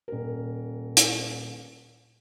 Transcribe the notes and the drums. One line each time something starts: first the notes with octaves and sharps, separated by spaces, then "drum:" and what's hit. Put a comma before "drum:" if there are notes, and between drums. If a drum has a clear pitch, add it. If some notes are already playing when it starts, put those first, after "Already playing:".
D#1 A#4
drum: hi-hat